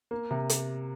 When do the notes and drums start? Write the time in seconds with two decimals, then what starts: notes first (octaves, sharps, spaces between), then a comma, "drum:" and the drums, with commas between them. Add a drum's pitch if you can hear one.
0.11 A#3
0.31 C3
0.49 drum: hi-hat